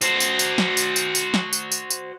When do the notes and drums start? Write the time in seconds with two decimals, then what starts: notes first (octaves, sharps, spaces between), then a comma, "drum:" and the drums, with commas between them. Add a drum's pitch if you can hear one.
0.01 F#4 C5, drum: tambourine
0.20 drum: tambourine
0.39 drum: tambourine
0.58 drum: snare
0.77 drum: tambourine
0.96 drum: tambourine
1.15 drum: tambourine
1.34 drum: snare
1.53 drum: tambourine
1.72 drum: tambourine
1.90 drum: tambourine